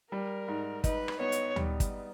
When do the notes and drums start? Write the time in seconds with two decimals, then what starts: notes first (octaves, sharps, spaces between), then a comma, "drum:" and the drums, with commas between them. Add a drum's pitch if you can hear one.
0.12 G3 A#4
0.48 G#2
0.84 D#4 B4, drum: kick, hi-hat
1.08 drum: rim click
1.20 B3 C#5
1.32 drum: hi-hat
1.56 G3, drum: tom D2
1.80 drum: kick, hi-hat